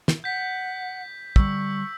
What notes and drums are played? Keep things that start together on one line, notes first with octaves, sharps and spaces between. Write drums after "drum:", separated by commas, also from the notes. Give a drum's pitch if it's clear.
drum: snare
F#5 G6 B6
D3 G3 C#6 E6, drum: kick